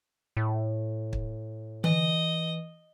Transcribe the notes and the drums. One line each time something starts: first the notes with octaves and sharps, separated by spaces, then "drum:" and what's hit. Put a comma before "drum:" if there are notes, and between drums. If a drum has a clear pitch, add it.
A2
drum: kick
E3 D#5, drum: tom D3